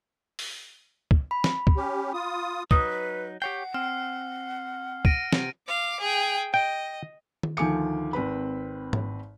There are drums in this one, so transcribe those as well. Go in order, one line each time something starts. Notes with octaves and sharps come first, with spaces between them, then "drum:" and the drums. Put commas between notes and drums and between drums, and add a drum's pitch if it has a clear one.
drum: open hi-hat
drum: kick
B5
drum: snare
drum: kick
C#4 G4
F4 D#6
F#3 D#4 B4 D#6, drum: kick
G4 C#5 F#5 G5 C7
C4 F6
A#6 D7 D#7, drum: kick
C3, drum: snare
F5 D6
G#4 G5
D#5 G5
drum: tom D#3
D2 D#3 F3 G#5 D6 C#7
G#1 C4 B4 B5
drum: tom G#2